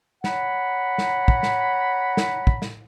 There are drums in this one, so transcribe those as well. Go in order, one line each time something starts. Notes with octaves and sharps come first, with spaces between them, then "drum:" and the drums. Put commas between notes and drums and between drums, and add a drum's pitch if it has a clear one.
C#5 F#5 A#5 B5, drum: snare
drum: snare
drum: kick
drum: snare
drum: snare
drum: kick
drum: snare